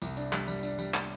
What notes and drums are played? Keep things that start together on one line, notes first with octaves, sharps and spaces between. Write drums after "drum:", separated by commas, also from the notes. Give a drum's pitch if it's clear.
C2, drum: tambourine
D4, drum: tambourine
G3, drum: clap
G3, drum: tambourine
D4, drum: tambourine
G3, drum: tambourine
drum: clap